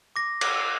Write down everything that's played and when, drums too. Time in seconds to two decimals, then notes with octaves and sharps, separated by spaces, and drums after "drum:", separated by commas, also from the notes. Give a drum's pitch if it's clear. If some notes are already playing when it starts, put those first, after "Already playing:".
0.16 D6 A#6
0.41 D6, drum: cymbal